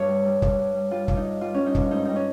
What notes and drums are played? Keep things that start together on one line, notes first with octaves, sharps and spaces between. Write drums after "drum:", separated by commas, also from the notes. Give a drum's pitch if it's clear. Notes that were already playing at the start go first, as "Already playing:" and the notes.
Already playing: G2 C#5
G3
G3
G2, drum: kick
G2
G3
G3 F4
G2 F4, drum: kick
D#4
G2
G3 F4
G3 C#4
D#4
G2, drum: kick
G#2 D#4
G3 D#4
C#4